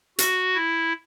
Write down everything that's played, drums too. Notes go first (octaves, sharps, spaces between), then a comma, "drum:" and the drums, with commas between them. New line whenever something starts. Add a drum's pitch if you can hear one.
F#4, drum: hi-hat
E4